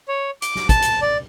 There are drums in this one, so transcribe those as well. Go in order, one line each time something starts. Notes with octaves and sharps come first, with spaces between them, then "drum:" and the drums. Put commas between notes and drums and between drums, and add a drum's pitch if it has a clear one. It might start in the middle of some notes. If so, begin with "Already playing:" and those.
C#5
D6, drum: hi-hat
drum: snare
A5, drum: kick, hi-hat
drum: hi-hat
D5